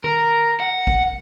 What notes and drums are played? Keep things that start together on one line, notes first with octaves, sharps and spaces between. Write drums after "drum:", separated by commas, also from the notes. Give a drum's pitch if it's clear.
A#4, drum: tom D#3
F#5
drum: kick G#1